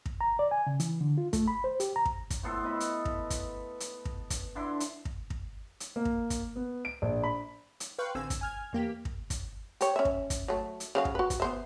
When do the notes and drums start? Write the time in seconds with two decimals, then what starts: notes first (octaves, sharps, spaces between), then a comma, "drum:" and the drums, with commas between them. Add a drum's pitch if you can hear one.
0.06 drum: kick
0.21 A#5
0.39 D5
0.51 G#5
0.67 C#3
0.80 E3, drum: hi-hat
1.01 D3
1.18 F4
1.33 A3, drum: kick, hi-hat
1.48 B5
1.64 C5
1.80 G4, drum: hi-hat
1.96 A#5
2.05 drum: kick
2.30 drum: kick, hi-hat
2.43 A2 B3 A4 C6
2.64 B3 D#5 E5 B5
2.80 drum: hi-hat
3.05 drum: kick
3.30 drum: kick, hi-hat
3.80 drum: hi-hat
4.05 drum: kick
4.30 drum: kick, hi-hat
4.55 D3 D4 E4 C6
4.80 drum: hi-hat
5.05 drum: kick
5.30 drum: kick
5.80 drum: hi-hat
5.96 A#3
6.05 drum: kick
6.30 drum: kick, hi-hat
6.56 B3
6.85 D7
7.02 A#1
7.23 B5
7.80 drum: hi-hat
7.99 B4 F5 G5 C6 C#6 F#6
8.15 A1 D3 C4 G#5 E6
8.30 drum: kick, hi-hat
8.41 G#5 F6 G#6
8.73 E2 A#3 G4 B6
9.05 drum: kick
9.30 drum: kick, hi-hat
9.81 G4 C#5, drum: hi-hat
9.96 C#4 E5
10.05 drum: kick
10.30 drum: kick, hi-hat
10.48 F#3 A3
10.80 drum: hi-hat
10.95 C#3 F#3 F5
11.05 drum: kick
11.15 F#4 B4
11.30 drum: kick, hi-hat
11.40 B3 C5 E5